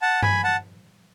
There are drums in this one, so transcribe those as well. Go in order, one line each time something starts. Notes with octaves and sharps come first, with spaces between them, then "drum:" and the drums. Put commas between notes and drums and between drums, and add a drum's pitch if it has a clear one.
F#5 A5
G#5 B5, drum: tom G2
F#5 A5